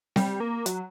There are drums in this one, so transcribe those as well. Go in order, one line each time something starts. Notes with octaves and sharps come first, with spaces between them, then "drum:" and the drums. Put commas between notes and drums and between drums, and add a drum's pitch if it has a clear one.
G3, drum: snare C4
A#3
F#3, drum: hi-hat